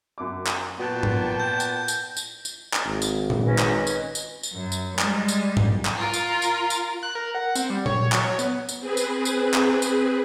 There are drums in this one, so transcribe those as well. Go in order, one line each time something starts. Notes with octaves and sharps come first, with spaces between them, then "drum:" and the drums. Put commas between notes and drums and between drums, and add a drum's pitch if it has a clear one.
F#2 D6
drum: clap
A#2 B3 F#4 G5 A5
drum: tom G#2
G6
drum: tambourine
drum: tambourine
drum: tambourine
drum: tambourine
drum: clap
G#1
drum: tambourine
drum: tom A#2
C#4 B4 D#5
drum: clap
drum: tambourine
drum: tambourine
drum: tambourine
F#2
drum: tambourine
G3 G#3, drum: clap
drum: tambourine
drum: tom G#2
drum: clap
F4 A#4
drum: tambourine
drum: tambourine
drum: tambourine
F#6
A#4
F#5
C4, drum: tambourine
G3
C#5, drum: tom A#2
F#3, drum: clap
C#5
B3, drum: tambourine
drum: tambourine
C4 G#4 B4
drum: tambourine
drum: tambourine
drum: clap
drum: tambourine